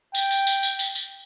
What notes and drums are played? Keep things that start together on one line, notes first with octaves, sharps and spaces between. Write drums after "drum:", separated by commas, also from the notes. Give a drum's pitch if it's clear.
G5, drum: tambourine
drum: tambourine
drum: tambourine
drum: tambourine
drum: tambourine
drum: tambourine